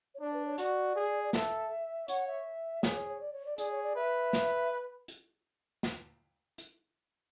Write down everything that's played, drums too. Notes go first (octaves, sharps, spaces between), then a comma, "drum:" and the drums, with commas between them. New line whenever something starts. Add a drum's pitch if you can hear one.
C#5
D4 D5
B4
C#5
F#4 D5, drum: hi-hat
G#4
D5
A4 E5, drum: snare
C#5 F#5, drum: hi-hat
E5
G#4 C#5, drum: snare
C#5
C#5
D5
C#5
D5
G#4 D5, drum: hi-hat
C#5
D5
B4 E5
drum: snare
drum: hi-hat
drum: snare
drum: hi-hat